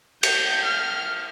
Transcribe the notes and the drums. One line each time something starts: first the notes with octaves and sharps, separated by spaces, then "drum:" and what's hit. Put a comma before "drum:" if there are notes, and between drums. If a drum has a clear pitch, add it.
G6, drum: cymbal
F6